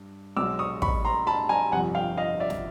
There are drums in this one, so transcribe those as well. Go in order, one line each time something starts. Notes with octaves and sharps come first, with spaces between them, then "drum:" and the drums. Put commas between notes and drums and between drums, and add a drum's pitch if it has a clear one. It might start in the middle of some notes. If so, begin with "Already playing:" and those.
Already playing: G2
B1 B2 G#3 D6 E6
C#6 D#6
B5 C#6, drum: kick
A#5 C6
A5 B5
G#5 A#5
G1 F2 C3 F#5 G#5
F5 G5
D#5 F5
D5 E5
drum: snare